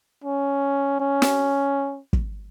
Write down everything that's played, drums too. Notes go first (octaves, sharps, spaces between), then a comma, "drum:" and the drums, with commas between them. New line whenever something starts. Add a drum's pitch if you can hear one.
C#4
C#4
drum: snare
drum: kick